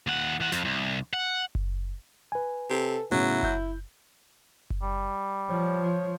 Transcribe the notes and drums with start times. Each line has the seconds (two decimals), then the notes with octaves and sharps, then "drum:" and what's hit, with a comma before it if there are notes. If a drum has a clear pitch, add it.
0.07 D#2 F#5
0.40 E3 F#5
0.52 F2, drum: snare
0.65 C2
1.13 F#5
1.55 drum: kick F#1
2.32 B4 G#5
2.70 C3 A4
3.12 A2 C#3 F#3 B3 E4 F#4
3.43 E5 G6, drum: kick F#1
4.70 drum: kick F#1
4.82 G3
5.50 F3 C#5